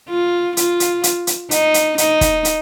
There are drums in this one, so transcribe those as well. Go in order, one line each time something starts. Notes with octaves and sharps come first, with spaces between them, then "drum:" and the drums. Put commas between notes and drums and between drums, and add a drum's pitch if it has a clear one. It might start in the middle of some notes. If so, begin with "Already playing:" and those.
F4
F4, drum: hi-hat
drum: hi-hat
drum: hi-hat
drum: hi-hat
D#4, drum: hi-hat
drum: hi-hat
D#4, drum: hi-hat
drum: kick, hi-hat
drum: hi-hat